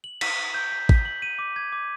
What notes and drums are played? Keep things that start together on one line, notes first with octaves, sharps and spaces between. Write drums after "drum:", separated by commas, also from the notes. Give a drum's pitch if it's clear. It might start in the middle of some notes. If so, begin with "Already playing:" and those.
F#7
B6, drum: cymbal
B6
G6
B6
B6, drum: kick
F#7
D#7
D6
G#6
D6